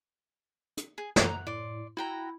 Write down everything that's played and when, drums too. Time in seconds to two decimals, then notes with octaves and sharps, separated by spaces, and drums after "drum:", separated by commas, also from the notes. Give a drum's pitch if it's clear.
0.77 drum: hi-hat
0.98 G#4
1.16 F#5 A#5, drum: snare
1.47 A2 D5 C6
1.97 E4 F#4 G5 A#5